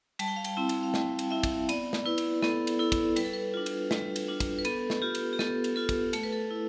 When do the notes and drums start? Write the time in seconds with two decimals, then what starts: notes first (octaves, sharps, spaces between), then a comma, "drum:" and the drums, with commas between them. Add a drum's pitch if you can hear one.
0.19 G3 A5, drum: cymbal
0.28 G5
0.37 F5
0.44 G5, drum: cymbal
0.57 C4 E4
0.69 drum: cymbal
0.83 F5
0.94 G3 G5, drum: snare
1.19 drum: cymbal
1.31 C4 E4 E5
1.43 drum: kick, cymbal
1.69 B3 D5, drum: cymbal
1.93 drum: snare
2.06 E4 B4
2.18 drum: cymbal
2.42 B3 A4, drum: snare
2.67 drum: cymbal
2.79 E4 A4
2.92 drum: kick, cymbal
3.16 G3 B4, drum: cymbal
3.25 A4
3.34 B4
3.54 D4 F4
3.66 drum: cymbal
3.91 G3, drum: snare
4.16 drum: cymbal
4.28 D4 F4
4.40 drum: kick, cymbal
4.59 B4
4.65 B3 A4, drum: cymbal
4.90 drum: snare
5.02 F4 G4
5.15 drum: cymbal
5.33 G4
5.39 B3 A4, drum: snare
5.64 drum: cymbal
5.76 F4 A4
5.89 drum: kick, cymbal
6.13 A3 A4, drum: cymbal
6.23 B4
6.33 A4
6.51 E4